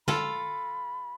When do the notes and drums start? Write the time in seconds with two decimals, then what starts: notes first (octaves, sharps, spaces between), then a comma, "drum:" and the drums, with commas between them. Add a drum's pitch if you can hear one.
0.08 F4 A4 B5, drum: tom